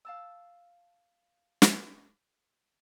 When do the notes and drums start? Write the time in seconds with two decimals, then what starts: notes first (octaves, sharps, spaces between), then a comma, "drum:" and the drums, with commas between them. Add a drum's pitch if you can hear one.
0.05 F5 A5 E6
1.62 drum: snare